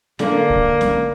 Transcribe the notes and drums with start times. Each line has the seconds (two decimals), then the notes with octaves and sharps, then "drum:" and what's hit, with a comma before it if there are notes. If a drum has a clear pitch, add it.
0.19 D3 A#3, drum: snare C#4
0.50 drum: kick
0.81 drum: snare C#4